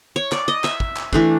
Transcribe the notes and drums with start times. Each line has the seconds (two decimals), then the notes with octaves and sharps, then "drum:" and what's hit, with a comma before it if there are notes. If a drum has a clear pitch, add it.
0.16 C#5
0.32 D5, drum: clap
0.48 D#5
0.64 E5, drum: clap
0.80 drum: kick
0.96 drum: clap
1.13 E3 A3 D4, drum: kick